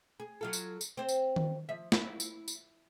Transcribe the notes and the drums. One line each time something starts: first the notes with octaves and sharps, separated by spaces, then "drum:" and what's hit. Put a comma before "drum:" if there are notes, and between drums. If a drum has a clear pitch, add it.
G#4
F#3 F4 A4
drum: tambourine
drum: tambourine
C4 C5
drum: tambourine
drum: tom D#3
F3 E5
E4, drum: snare
drum: tambourine
drum: tambourine